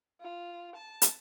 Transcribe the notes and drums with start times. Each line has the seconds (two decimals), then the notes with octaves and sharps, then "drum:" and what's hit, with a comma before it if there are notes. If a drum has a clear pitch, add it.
0.21 F4
0.75 A5
1.02 drum: hi-hat